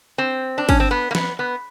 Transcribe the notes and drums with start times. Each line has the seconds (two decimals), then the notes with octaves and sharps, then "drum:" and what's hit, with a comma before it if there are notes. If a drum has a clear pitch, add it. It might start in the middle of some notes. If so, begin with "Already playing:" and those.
0.18 C4
0.58 D4
0.69 C#4, drum: kick, cymbal
0.80 C4
0.91 B3
1.11 A#3
1.15 B3, drum: snare
1.39 B3